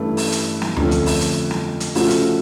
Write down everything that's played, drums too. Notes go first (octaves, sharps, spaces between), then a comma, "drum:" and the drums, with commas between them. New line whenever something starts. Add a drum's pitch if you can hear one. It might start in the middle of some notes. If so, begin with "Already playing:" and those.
Already playing: G2 E3 A3 C#4
drum: open hi-hat
drum: hi-hat
drum: snare
F2 D3 F3 A3 C#4, drum: tom D2
drum: hi-hat
drum: open hi-hat
drum: hi-hat
drum: snare
drum: hi-hat
C#3 F3 A3 C#4 F#4, drum: open hi-hat
drum: hi-hat